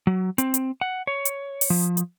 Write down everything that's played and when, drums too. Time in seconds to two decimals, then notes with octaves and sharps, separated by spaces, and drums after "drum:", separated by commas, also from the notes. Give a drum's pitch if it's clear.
0.07 F#3
0.38 C4, drum: hi-hat
0.54 drum: hi-hat
0.81 F#5
1.07 C#5
1.25 drum: hi-hat
1.61 drum: open hi-hat
1.70 F3
1.97 drum: hi-hat